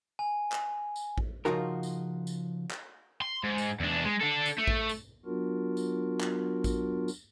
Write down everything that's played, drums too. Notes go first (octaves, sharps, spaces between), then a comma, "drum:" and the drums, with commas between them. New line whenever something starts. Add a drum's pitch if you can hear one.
G#5
drum: clap
drum: tambourine
drum: kick A1
C#3 F3 D#4 F4 F#4 A#4
drum: tambourine
drum: tambourine
drum: clap
C6
G#2
drum: tambourine
E2 D4
G#3
D4 A4
drum: tambourine
A3
drum: kick A1
drum: tambourine
F#3 B3 D4 F4 F#4 A#4
drum: tambourine
drum: clap
drum: kick A1, tambourine
drum: tambourine